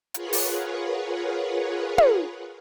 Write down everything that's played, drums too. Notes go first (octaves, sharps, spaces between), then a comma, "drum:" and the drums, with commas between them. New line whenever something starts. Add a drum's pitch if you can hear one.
F4 G#4 A#4 B4 C#5 F#5, drum: hi-hat
drum: open hi-hat
drum: tom